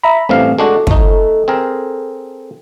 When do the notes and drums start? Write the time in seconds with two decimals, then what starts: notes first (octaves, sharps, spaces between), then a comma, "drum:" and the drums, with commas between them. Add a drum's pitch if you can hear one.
0.03 E5 A#5 B5
0.29 A1 G2 A3 C4 F5
0.59 G#3 D4 F#4 A4
0.87 A3 D#4, drum: kick
1.48 C4 G#4 A#4